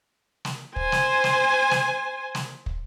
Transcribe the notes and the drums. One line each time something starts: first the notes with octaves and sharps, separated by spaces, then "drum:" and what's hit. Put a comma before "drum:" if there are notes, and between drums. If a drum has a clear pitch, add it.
drum: snare
C5 G#5, drum: kick
drum: snare
drum: snare
drum: snare
drum: snare
drum: kick